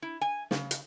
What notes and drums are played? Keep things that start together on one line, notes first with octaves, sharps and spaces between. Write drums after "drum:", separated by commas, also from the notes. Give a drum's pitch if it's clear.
E4
G#5
C#3, drum: snare
drum: hi-hat